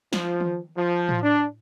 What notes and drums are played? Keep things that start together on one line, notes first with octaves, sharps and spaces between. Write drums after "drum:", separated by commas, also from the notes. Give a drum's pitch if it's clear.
F3, drum: snare
drum: tom D#3
F3
drum: tom A2
D4